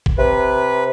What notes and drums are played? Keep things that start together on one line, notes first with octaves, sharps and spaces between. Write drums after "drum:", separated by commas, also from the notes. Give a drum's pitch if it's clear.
drum: kick
C3 B4